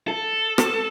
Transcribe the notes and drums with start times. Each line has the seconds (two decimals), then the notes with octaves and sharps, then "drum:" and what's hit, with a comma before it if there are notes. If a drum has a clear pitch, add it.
0.08 A4
0.58 drum: rim click